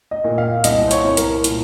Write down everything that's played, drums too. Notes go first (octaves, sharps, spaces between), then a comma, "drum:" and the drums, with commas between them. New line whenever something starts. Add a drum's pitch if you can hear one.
D#5
A#2
F5
C2 D#5, drum: hi-hat
C5
C#5, drum: hi-hat
C2
A#4, drum: hi-hat
A#2, drum: hi-hat